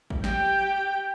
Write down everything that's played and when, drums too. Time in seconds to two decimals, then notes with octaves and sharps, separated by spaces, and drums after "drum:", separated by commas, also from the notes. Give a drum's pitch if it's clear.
0.10 drum: kick
0.24 G4 G5, drum: snare